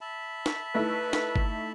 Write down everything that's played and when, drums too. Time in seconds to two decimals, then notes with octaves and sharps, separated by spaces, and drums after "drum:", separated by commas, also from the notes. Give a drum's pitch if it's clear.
0.01 E5 A5 B5
0.46 drum: snare
0.75 A3 D#4 E4 B4
1.13 drum: snare
1.36 drum: kick G1